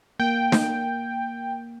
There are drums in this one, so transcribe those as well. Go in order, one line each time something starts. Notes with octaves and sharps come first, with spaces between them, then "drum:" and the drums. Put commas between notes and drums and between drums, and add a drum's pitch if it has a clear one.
A#3 G5
drum: snare